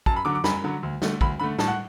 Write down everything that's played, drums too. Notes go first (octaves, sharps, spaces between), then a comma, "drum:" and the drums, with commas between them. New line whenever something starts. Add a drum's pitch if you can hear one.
F#2 A5, drum: kick
B5
D3 F#3 D6
D6
F#2 B5, drum: snare
D3 F#3
D2
D3 A3, drum: snare
D2 B5, drum: kick
D3 A3 B5
A2 A5, drum: snare
F#5